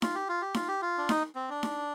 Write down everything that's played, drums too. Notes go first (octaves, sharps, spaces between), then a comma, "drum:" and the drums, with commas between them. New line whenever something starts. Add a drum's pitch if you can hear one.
F4, drum: snare D#4
G4
F4
G4
F4, drum: snare D#4
G4
F4
D4
D#4, drum: snare D#4
C4
D4
drum: snare D#4